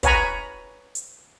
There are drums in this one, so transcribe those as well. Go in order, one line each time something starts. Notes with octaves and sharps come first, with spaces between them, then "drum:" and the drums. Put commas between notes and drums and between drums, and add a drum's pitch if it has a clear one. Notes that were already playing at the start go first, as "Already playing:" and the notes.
B4 C#5 F#5 G#5 A#5 B5, drum: kick, hi-hat
drum: hi-hat